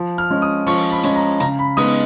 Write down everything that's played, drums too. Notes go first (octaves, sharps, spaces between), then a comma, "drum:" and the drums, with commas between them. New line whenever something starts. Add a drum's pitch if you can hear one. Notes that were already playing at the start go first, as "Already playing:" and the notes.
Already playing: F3
F6
G#3 C#4
D#6
F3 C#6, drum: open hi-hat
B5
G#3 C#4, drum: hi-hat
A#5
C#3 A#5, drum: hi-hat
B5
G#3 B3 D#4 D#6, drum: open hi-hat